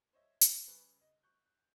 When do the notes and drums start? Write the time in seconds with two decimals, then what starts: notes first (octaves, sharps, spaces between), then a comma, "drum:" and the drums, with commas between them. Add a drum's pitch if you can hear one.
0.13 C5 C#5 D#5 E5
0.41 E6 A6, drum: hi-hat
0.67 C#3 G3 G#4 B4 C#6 F#6
1.01 D#5
1.23 C#6 F#6 G6
1.46 F#6